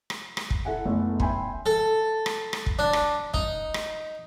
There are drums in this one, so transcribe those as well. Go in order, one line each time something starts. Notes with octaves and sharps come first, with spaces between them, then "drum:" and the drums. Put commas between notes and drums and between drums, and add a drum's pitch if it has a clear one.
drum: rim click
drum: rim click
drum: kick
E4 A4 E5 F#5 G#5
F#1 A3 B3
E5 G5 G#5 B5 C6, drum: kick
A4
drum: rim click
drum: rim click
drum: kick
D4
drum: rim click
D#4, drum: kick
drum: rim click